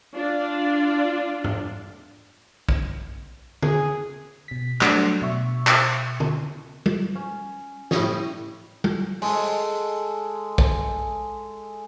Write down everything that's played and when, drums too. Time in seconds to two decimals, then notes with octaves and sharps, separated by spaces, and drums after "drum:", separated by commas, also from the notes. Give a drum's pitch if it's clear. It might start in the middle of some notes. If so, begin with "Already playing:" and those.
0.13 D4 F4 D5
1.44 drum: tom
2.69 drum: kick
3.62 G#4, drum: tom
4.48 B2 B6
4.81 F#3 G3 A3 D4 F#4, drum: clap
5.22 B2 E5 C#6
5.67 drum: clap
6.20 drum: tom
6.86 drum: tom
7.15 C#4
7.91 A2 G3 C#5 D#5, drum: snare
8.84 drum: tom
9.22 G#3 A4, drum: open hi-hat
10.58 drum: kick